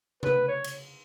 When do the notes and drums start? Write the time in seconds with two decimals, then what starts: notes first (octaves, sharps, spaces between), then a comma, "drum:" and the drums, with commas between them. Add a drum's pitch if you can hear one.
0.23 B4, drum: tom C3
0.48 C#5
0.64 drum: cymbal